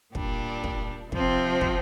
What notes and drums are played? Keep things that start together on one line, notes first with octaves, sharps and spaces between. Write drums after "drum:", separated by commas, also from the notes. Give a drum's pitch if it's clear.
A#2 G3 D4, drum: kick
drum: kick
C3 F3 C4, drum: kick
drum: kick